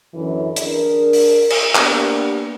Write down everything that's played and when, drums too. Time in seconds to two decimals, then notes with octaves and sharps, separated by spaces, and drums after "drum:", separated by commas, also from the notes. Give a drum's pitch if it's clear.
0.14 F#2 D3 E3
0.56 D4 G#4 A#4, drum: hi-hat
1.13 drum: open hi-hat
1.50 drum: cymbal
1.75 A#3 B3 D4 G4, drum: clap